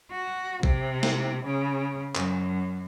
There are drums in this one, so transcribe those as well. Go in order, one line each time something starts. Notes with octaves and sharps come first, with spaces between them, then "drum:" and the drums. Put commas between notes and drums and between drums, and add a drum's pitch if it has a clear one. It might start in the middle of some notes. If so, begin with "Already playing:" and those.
F#4
C3, drum: kick A#1
drum: snare
C#3
F#2, drum: clap